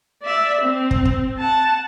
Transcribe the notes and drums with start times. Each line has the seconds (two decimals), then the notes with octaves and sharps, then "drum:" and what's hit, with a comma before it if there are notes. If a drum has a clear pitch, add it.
0.23 D5 E5
0.62 C4
0.91 drum: kick
1.05 drum: kick
1.38 F#5 A5